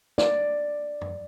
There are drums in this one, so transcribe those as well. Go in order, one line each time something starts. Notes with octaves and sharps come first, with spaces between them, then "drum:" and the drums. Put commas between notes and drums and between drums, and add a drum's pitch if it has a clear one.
D5, drum: snare
drum: tom F#2